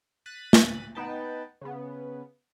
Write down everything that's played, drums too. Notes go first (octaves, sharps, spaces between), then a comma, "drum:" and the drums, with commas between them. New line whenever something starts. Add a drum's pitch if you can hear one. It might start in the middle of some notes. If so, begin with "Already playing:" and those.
F#6 A6 B6 D#7
drum: snare
B3 D#4 B4 G5 A5
C#3 B3